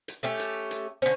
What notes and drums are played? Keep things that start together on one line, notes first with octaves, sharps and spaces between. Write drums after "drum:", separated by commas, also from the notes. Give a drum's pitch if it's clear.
drum: hi-hat
A3 C#4 G4
drum: hi-hat
drum: hi-hat
D3 C#4 C5